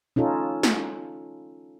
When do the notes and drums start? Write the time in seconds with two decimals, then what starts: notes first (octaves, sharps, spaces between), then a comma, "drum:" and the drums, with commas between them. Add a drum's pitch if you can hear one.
0.16 C#4 D#4 F4 A4
0.63 drum: snare